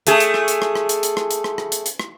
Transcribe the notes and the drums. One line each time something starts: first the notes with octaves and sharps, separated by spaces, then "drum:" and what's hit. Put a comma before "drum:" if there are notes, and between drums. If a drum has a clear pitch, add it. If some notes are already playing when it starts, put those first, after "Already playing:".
A3 G#4, drum: hi-hat
drum: hi-hat
drum: rim click
drum: hi-hat
drum: rim click
drum: rim click
drum: hi-hat
drum: hi-hat
drum: rim click
drum: hi-hat
drum: rim click
drum: rim click
drum: hi-hat
drum: hi-hat
drum: rim click